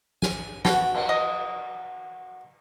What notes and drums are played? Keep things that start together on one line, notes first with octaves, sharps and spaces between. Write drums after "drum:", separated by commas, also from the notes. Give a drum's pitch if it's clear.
G#5, drum: snare
B2 F#4 G5, drum: snare
drum: cymbal
D#5